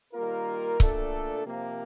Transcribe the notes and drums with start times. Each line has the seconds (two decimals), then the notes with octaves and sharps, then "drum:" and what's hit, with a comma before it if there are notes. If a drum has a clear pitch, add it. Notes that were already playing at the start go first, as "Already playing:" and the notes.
0.13 D#3 G3 A#3 F4 A#4
0.80 A#2 A3 D4 A4, drum: kick C#1
1.45 C3 F3 A#3